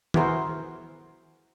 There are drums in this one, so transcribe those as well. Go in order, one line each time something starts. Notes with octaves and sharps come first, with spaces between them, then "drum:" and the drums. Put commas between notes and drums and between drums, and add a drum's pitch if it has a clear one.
B3 E4 F#4 G#4 A#4 C5, drum: tom